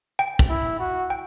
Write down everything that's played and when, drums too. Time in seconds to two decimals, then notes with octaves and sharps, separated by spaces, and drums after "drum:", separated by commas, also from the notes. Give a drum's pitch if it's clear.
0.19 G5
0.39 drum: kick
0.49 E4
0.79 F#4
1.10 G5